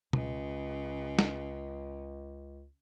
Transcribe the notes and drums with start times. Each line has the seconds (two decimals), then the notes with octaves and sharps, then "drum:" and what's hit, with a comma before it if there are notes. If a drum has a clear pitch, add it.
0.13 C#2 C#3, drum: tom
1.19 drum: snare